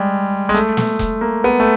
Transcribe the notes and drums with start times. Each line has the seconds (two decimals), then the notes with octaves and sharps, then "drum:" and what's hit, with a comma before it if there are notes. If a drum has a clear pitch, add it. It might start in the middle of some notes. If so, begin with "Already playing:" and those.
Already playing: G3 G#3
0.49 G#3
0.54 A3, drum: hi-hat
0.77 drum: snare
0.99 drum: kick E1, hi-hat
1.21 A#3
1.44 B3
1.60 A3